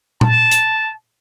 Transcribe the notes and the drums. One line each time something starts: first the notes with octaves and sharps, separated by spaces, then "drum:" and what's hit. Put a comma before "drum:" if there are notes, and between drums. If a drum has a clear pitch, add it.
A5, drum: tom A#2
drum: hi-hat